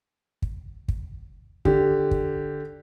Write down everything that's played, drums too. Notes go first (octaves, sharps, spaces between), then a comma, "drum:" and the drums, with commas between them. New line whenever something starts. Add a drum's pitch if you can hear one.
drum: kick
drum: kick
D3 G4, drum: kick
drum: kick